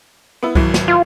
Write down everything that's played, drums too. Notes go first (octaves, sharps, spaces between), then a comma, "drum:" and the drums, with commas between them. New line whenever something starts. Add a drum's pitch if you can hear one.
B3 E4
G#1 E3 F#3, drum: kick C2
drum: snare
F4